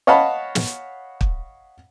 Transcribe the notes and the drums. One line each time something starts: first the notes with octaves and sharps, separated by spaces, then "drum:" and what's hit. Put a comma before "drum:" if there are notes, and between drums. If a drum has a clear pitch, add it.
C#5 D#5 F5 F#5 A5 B5
drum: snare
drum: kick